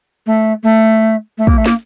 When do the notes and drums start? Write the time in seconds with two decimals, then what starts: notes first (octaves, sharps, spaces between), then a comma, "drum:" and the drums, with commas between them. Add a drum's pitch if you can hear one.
0.26 A3
0.63 A3
1.37 A3
1.47 A#3, drum: kick
1.57 A3
1.66 A#3, drum: snare